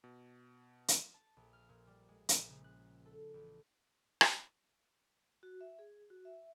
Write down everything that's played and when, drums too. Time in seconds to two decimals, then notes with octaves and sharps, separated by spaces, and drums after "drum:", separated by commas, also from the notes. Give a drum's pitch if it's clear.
0.04 B2
0.88 drum: hi-hat
1.14 A5
1.37 A#1
1.53 F6
1.69 A#2
1.87 G3
2.08 G#3
2.29 A#1, drum: hi-hat
2.48 C#3
2.64 F#6
3.05 A4
3.34 A1
4.21 drum: rim click
5.43 F#4
5.61 E5
5.79 G#4
6.10 F#4
6.25 E5